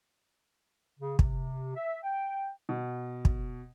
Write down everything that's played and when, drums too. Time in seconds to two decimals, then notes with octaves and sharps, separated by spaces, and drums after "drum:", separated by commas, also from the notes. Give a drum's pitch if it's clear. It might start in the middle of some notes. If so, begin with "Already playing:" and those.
1.00 C#3
1.19 C3, drum: kick
1.76 E5
2.04 G5
2.69 B2
3.25 drum: kick